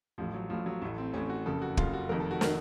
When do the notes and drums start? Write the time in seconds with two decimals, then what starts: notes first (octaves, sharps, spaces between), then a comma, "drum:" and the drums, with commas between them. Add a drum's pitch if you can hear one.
0.18 A1 A2 F3
0.34 F#3
0.50 A1 A2 F3
0.66 F#3
0.82 A1 A2 A3
0.98 C4
1.14 A1 A2 C#4
1.30 F#4
1.46 F#1 F2 C#3 A4
1.62 F#4
1.77 F#1 F2 C#3 F4, drum: kick
1.93 F#4
2.09 F1 F2 D#3 A#4
2.20 A4
2.31 F#4
2.41 D#3 A#4, drum: snare